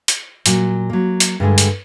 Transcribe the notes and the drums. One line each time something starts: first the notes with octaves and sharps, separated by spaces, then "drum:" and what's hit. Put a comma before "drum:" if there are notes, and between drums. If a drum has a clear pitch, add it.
drum: hi-hat
A#2 F#3, drum: hi-hat
F#3 A#3
drum: hi-hat
G2 D3 G#3 A3
drum: hi-hat